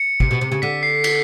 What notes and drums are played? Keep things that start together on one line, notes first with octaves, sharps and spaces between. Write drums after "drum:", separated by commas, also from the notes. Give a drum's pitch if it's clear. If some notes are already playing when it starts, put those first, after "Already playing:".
Already playing: C#7
C3, drum: kick
B2
C3
C#3
D3 B6
C7
B6, drum: cymbal